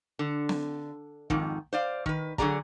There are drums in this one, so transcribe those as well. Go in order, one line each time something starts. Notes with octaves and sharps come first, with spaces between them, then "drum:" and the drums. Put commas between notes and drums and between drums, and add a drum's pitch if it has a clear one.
D3
drum: snare
F2 G#2 D#3, drum: kick
C5 D5 F5
D#3 B4, drum: kick
D3 F#3 F#4 G#4 D5 A#5, drum: kick